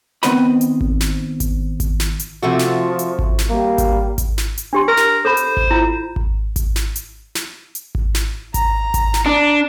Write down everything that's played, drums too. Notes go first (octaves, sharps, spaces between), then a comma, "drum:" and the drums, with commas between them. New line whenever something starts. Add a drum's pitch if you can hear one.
D#3 B3 C4 C5 D#5 B5, drum: snare
drum: hi-hat
drum: kick G#1
drum: snare
drum: kick G#1, hi-hat
drum: kick G#1, hi-hat
drum: snare
drum: hi-hat
C3 F3 A3 F#4
drum: snare
drum: hi-hat
drum: kick G#1
drum: snare
G3 A#3
drum: kick G#1, hi-hat
drum: kick G#1, hi-hat
drum: snare
drum: hi-hat
D4 G4 C6
A#4
drum: snare
A4 C5 B5
drum: hi-hat
drum: kick G#1
E4 F4
drum: kick G#1
drum: kick G#1, hi-hat
drum: snare
drum: hi-hat
drum: snare
drum: hi-hat
drum: kick G#1
drum: snare
A#5, drum: kick G#1, hi-hat
drum: kick G#1, hi-hat
drum: snare
D4